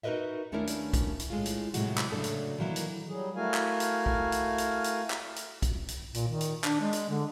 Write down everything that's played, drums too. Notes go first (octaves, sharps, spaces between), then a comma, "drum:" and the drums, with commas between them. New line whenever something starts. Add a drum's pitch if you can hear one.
D#4 F#4 A#4 B4 D#5 E5
D#2 A3 C#4 D4 E4 A#4
drum: hi-hat
drum: kick, hi-hat
drum: hi-hat
A2 G#3 A3 F4
drum: hi-hat
A2 C3 F#3 G#3 F#4, drum: hi-hat
drum: clap
C#3 F#3 A3 D4 A4
drum: hi-hat
D#3 E3 F#3 A#3 E4
drum: hi-hat
F#3 G3 G#4
A3 E4 F#4 A#4 F5 G#5
drum: clap
drum: hi-hat
drum: kick
drum: hi-hat
drum: hi-hat
drum: hi-hat
drum: clap
drum: hi-hat
drum: kick, hi-hat
drum: hi-hat
A#2, drum: hi-hat
D#3
drum: hi-hat
D4, drum: clap
G#3
drum: hi-hat
D3